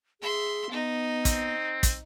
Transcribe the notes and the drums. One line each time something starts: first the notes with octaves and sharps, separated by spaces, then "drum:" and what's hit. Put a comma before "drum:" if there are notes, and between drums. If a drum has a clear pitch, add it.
G#4 E5 C6
B3 D#4
C4, drum: kick, hi-hat
drum: kick, hi-hat